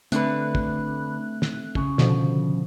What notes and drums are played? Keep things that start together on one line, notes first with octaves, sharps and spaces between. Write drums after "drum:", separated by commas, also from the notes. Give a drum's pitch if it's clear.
D3 A3 C4 D4 B4 F#6, drum: hi-hat
drum: kick
drum: snare
C#3, drum: kick
B2 D3 F3, drum: snare